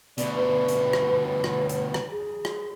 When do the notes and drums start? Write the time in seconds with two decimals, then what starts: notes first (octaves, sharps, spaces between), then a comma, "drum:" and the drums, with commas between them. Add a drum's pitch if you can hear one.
0.18 D2 B2 D5, drum: hi-hat
0.35 B4 D5
0.68 drum: hi-hat
0.93 drum: rim click
1.26 C#5
1.44 drum: rim click
1.69 drum: hi-hat
1.94 drum: rim click
2.11 G#4
2.45 drum: rim click